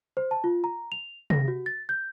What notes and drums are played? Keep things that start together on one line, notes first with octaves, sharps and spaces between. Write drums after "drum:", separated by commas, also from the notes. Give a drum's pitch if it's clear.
C5
A5
F4
A#5
F7
A#6, drum: tom C3
F#4
A6
G6